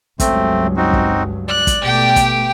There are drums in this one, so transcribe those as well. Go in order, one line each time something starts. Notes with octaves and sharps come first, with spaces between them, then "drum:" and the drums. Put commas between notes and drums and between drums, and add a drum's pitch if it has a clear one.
C#2 G2 F#3 A3 C4, drum: kick, hi-hat
C4 D#4 F#4
drum: kick
D5 F#6
drum: kick, hi-hat
B2 A3 G4 G5
drum: kick, hi-hat